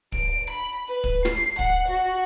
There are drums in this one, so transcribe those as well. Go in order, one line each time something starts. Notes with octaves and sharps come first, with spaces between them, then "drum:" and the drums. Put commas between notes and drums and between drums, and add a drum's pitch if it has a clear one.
D7, drum: kick
B5
B4
drum: kick
C7, drum: snare
F#5, drum: kick
F#4